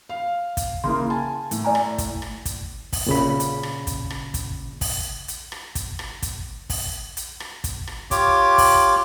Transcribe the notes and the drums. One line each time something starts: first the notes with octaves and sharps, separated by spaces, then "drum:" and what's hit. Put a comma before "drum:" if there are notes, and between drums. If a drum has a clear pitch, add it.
F5
drum: kick, hi-hat
C#3 A#3 E4 C6
G#5 A5
A2, drum: hi-hat
D5 G#5 A#5
drum: rim click
drum: kick, hi-hat
drum: rim click
drum: kick, hi-hat
drum: kick, open hi-hat
A#2 C#3 B5
drum: hi-hat
drum: rim click
drum: kick, hi-hat
drum: rim click
drum: kick, hi-hat
drum: kick, open hi-hat
drum: hi-hat
drum: rim click
drum: kick, hi-hat
drum: rim click
drum: kick, hi-hat
drum: kick, open hi-hat
drum: hi-hat
drum: rim click
drum: kick, hi-hat
drum: rim click
F4 G4 C#5 D6, drum: kick, hi-hat
drum: kick, open hi-hat